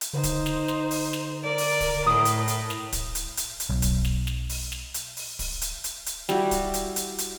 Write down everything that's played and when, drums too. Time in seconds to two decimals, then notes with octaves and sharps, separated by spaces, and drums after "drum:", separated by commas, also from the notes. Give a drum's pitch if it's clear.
0.01 drum: hi-hat
0.13 D3 D#4 C5
0.23 drum: kick D1, hi-hat
0.46 drum: snare
0.68 drum: snare
0.91 drum: open hi-hat
1.13 drum: snare
1.43 A#4 D5
1.58 drum: open hi-hat
1.80 drum: kick D1, open hi-hat
2.07 A2 D#6
2.25 drum: hi-hat
2.48 drum: hi-hat
2.70 drum: snare
2.92 drum: kick D1, hi-hat
3.15 drum: hi-hat
3.37 drum: hi-hat
3.60 drum: hi-hat
3.70 B1
3.82 drum: kick D1, hi-hat
4.05 drum: snare
4.27 drum: snare
4.49 drum: open hi-hat
4.72 drum: snare
4.94 drum: hi-hat
5.17 drum: open hi-hat
5.39 drum: kick D1, open hi-hat
5.61 drum: hi-hat
5.84 drum: hi-hat
6.06 drum: hi-hat
6.29 G3 E4 F#4, drum: snare
6.51 drum: kick D1, hi-hat
6.74 drum: hi-hat
6.96 drum: hi-hat
7.18 drum: hi-hat